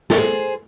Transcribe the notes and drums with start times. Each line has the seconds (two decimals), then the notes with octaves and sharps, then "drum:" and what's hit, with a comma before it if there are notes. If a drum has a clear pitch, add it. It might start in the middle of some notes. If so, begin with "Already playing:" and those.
0.10 A4, drum: snare
0.18 G#4 C5